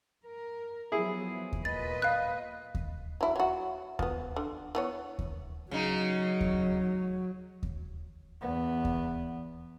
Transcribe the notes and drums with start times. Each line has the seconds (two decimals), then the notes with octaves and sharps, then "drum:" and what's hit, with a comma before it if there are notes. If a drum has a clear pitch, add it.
0.24 A#4
0.92 F3 F#3 B3 E4 G#4
1.53 drum: kick D#2
1.65 A#2 B4 D#5 A6
2.02 F5 F#6
2.75 drum: kick D#2
3.21 F#3 E4
3.36 F#3 F#4
3.99 F3 B3, drum: kick D#2
4.36 D3
4.75 E3 B3 C#5
5.19 drum: kick D#2
5.71 C#3 F#3 D#4
6.41 drum: kick D#2
7.63 drum: kick D#2
8.41 E2 B3
8.85 drum: kick D#2